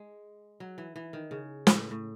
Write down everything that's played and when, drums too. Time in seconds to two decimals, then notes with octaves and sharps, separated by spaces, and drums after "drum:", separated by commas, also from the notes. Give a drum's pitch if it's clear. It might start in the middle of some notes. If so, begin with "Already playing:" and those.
Already playing: G#3
0.60 F#3
0.78 E3
0.96 E3
1.13 D#3
1.31 C#3
1.67 A2, drum: snare
1.91 A2